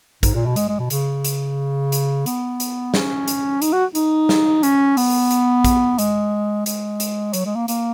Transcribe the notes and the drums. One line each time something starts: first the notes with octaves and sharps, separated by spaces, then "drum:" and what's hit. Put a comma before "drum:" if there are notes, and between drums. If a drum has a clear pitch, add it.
G#2, drum: kick, hi-hat
A#2
B2
G#3, drum: hi-hat
G#3
B2
C#3, drum: hi-hat
drum: hi-hat
drum: hi-hat
B3, drum: hi-hat
drum: hi-hat
C#4, drum: snare
drum: hi-hat
D#4, drum: hi-hat
F#4
D#4, drum: hi-hat
drum: snare
C#4, drum: hi-hat
B3, drum: open hi-hat
drum: hi-hat
drum: kick, hi-hat
G#3, drum: hi-hat
G#3, drum: hi-hat
drum: hi-hat
F#3, drum: hi-hat
G#3
A#3
A#3, drum: hi-hat